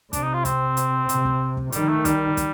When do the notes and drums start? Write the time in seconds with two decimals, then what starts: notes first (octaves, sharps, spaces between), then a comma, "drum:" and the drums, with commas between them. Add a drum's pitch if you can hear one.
0.13 C3 D4, drum: kick, hi-hat
0.23 D#4
0.34 F4
0.45 C4, drum: kick, hi-hat
0.77 drum: hi-hat
1.09 C3, drum: hi-hat
1.25 drum: kick
1.57 drum: kick
1.72 D#3 G3, drum: hi-hat
1.89 A3
2.05 G3, drum: kick, hi-hat
2.37 drum: kick, hi-hat